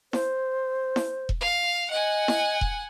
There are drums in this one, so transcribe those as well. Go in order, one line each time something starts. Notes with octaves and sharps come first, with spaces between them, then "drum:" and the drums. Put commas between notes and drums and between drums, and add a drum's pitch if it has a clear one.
C5, drum: snare E4
drum: snare E4
drum: kick E1
F5
D#5 F#5 G#5
drum: snare E4
drum: kick E1